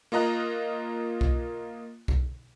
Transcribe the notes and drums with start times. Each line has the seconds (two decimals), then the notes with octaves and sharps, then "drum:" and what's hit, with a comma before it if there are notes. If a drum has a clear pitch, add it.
0.12 A#3 F4 D#5 A#5 F#6
1.21 drum: kick B1
2.08 drum: kick B1